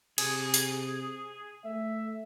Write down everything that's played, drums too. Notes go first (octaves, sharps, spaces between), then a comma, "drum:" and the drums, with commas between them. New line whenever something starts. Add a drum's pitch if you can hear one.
C3 G#4, drum: cymbal
drum: open hi-hat
A3 E5